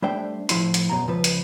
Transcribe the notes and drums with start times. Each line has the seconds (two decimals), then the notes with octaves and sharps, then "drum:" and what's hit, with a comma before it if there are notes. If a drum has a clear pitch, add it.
0.02 G3 A3 D4 C5 E5 G5
0.49 A2 F3 E4 C6, drum: hi-hat
0.74 drum: hi-hat
0.89 F#2 B2 A#5
1.08 C#2 F3 B4
1.24 drum: hi-hat